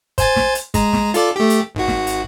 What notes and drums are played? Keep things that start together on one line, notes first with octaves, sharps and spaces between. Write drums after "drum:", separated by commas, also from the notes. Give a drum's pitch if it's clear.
C5 G#5 A6, drum: kick F#1, hi-hat
drum: snare
drum: hi-hat
G#3 A#5, drum: kick F#1, hi-hat
drum: snare
F4 A4 D5, drum: hi-hat
A3 G4
drum: hi-hat
G#1 F#4
drum: snare
drum: hi-hat